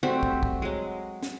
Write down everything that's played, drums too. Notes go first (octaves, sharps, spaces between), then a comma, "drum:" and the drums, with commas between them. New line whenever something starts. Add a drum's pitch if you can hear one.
G3 A3 C4 F#4
drum: kick
drum: kick
F#3 G#3
drum: snare